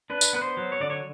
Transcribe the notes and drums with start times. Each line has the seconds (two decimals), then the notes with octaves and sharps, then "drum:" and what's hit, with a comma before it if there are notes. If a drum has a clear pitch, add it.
0.10 D4 B4
0.21 drum: tambourine
0.33 B3 B4
0.42 C5
0.57 F#3
0.72 C#5
0.80 D3 D5
0.90 C#5